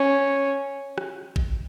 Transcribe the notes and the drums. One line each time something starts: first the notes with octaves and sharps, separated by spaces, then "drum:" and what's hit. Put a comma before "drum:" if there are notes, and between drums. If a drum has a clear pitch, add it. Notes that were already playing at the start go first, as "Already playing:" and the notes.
Already playing: C#4
drum: rim click
drum: kick